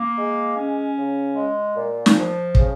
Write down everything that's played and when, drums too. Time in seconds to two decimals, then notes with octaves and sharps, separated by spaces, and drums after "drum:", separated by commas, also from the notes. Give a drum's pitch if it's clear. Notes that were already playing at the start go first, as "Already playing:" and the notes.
Already playing: A#3
0.17 G#3
0.56 C#4
0.96 C#3
1.36 G#3
1.76 A#2
2.06 drum: snare
2.15 F3
2.55 C#3, drum: kick